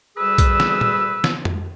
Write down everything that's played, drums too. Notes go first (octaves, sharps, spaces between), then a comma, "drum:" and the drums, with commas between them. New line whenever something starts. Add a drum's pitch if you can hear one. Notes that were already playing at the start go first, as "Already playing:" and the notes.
D2 G3 G#4 B4 E6
drum: kick, hi-hat
drum: snare
drum: tom A#2
drum: snare
drum: tom F2